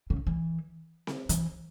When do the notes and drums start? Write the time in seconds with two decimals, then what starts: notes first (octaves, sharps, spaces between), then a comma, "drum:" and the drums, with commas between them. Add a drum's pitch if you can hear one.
0.10 C#3
0.27 E3
1.07 drum: snare C4
1.29 E3, drum: hi-hat